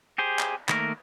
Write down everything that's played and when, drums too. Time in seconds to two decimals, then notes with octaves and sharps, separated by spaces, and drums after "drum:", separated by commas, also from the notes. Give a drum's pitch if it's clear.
0.18 G4 G#4 C5
0.39 drum: clap
0.69 D#3 A3 A#3 A#4, drum: clap